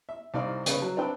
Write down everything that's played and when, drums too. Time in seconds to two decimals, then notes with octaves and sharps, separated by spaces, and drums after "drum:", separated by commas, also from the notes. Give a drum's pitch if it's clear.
0.09 E5
0.34 C2 C3 D#4 D5 F5
0.66 C#3 B4, drum: hi-hat
0.82 F#3
0.97 C4 D4 B4 G5